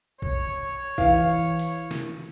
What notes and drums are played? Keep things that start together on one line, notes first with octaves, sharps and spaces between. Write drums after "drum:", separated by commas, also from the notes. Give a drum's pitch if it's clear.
C#5, drum: kick A#1
E3 F5, drum: kick A#1
drum: hi-hat
drum: snare